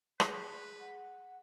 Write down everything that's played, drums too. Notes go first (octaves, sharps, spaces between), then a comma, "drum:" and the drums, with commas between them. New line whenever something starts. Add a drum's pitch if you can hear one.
G#4 B4, drum: rim click
F#5